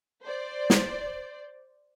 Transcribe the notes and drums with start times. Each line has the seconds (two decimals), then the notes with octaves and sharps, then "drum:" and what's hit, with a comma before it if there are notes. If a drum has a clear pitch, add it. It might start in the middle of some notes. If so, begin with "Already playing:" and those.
0.23 C5 D5
0.70 drum: snare